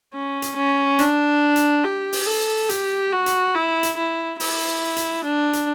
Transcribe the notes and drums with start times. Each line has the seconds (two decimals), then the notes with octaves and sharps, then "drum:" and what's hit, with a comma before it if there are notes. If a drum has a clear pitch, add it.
0.14 C#4
0.42 drum: hi-hat
0.56 C#4
0.99 D4, drum: hi-hat
1.56 drum: hi-hat
1.84 G4
2.13 drum: open hi-hat
2.26 A4
2.69 G4, drum: hi-hat
3.12 F#4
3.26 drum: hi-hat
3.55 E4
3.83 drum: hi-hat
3.97 E4
4.40 E4, drum: open hi-hat
4.96 drum: hi-hat
5.24 D4
5.53 drum: hi-hat